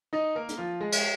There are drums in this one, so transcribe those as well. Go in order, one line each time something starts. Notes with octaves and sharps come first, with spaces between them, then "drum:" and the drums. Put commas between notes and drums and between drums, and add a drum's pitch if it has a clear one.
D#4 D#5
A#3 A#4
drum: hi-hat
F3 F4
G#3 G#4
drum: cymbal